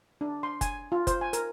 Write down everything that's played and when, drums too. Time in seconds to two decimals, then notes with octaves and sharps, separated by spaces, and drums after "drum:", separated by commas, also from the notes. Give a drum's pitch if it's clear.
0.21 D4
0.43 C6
0.61 G#5, drum: kick F#1, hi-hat
0.92 F4
1.07 C5, drum: kick F#1, hi-hat
1.21 G#5
1.33 A#4, drum: hi-hat